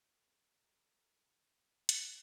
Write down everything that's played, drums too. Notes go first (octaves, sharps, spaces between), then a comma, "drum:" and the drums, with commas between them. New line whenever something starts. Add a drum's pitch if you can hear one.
A4 A#5
drum: hi-hat